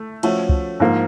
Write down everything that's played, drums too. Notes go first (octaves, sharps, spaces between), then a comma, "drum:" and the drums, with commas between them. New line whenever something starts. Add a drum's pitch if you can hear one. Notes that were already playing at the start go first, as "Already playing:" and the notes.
Already playing: A3
F3 A3 C#4 F#4 A4, drum: cymbal
drum: kick
G#2 F3 A#3